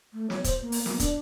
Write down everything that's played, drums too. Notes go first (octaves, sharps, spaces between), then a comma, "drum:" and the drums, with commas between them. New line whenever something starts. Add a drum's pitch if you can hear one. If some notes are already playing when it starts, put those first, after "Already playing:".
A3
C#5, drum: snare
C5, drum: kick, hi-hat
A#3
drum: open hi-hat
A#3, drum: snare
D4, drum: kick, hi-hat